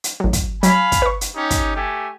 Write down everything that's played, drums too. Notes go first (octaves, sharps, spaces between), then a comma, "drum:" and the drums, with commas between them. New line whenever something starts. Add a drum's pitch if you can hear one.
drum: hi-hat
A1 F#3
drum: kick, hi-hat
F#3 F5 G#5 B5, drum: hi-hat
drum: kick, hi-hat
B4 C#6
drum: hi-hat
C#4 D#4 G4
drum: kick, hi-hat
A3 G4 G#5